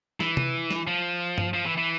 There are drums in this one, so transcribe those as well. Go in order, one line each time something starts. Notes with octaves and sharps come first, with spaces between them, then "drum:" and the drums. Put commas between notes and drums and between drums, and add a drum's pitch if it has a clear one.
E3, drum: snare
drum: tom C3
drum: snare
F3
drum: tom G2
F3
E3
E3